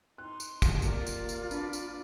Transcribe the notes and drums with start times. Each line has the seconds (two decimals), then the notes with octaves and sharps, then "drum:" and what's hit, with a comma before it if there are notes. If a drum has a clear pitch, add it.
0.18 D#4 C6 F#6
0.40 drum: tambourine
0.62 drum: kick, tambourine
0.82 D#2 F4 A#4 D5, drum: tambourine
1.07 drum: tambourine
1.29 drum: tambourine
1.51 D4 B4 D5, drum: tambourine
1.73 drum: tambourine